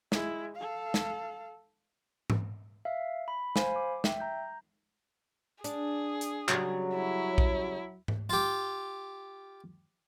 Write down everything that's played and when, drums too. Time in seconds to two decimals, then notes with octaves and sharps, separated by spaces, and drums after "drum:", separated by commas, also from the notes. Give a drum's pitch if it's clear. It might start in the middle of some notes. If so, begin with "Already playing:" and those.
0.12 G#3 E4, drum: snare
0.56 A4 F5
0.94 drum: snare
2.30 drum: tom G#2
2.85 E5 F5
3.28 B5
3.56 C5 F5 G#5 B5, drum: snare
3.76 D6
4.04 E5 G5, drum: snare
4.20 A#5 G6
5.64 D4 G#4, drum: hi-hat
6.21 drum: hi-hat
6.49 C#3 F#3 G3, drum: clap
6.95 E4
7.38 drum: kick A#1
8.08 drum: tom G#2
8.30 F4 G4